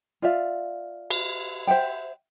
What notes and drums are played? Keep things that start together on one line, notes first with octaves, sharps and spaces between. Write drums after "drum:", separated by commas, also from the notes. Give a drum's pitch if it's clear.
F4 D5 E5 F5
drum: cymbal
C5 E5 F#5 G5